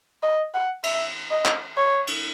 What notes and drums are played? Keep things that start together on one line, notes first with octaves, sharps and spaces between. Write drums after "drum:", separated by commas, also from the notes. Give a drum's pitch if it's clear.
D#5
F#5
E5, drum: cymbal
D#5
drum: clap
C#5
drum: cymbal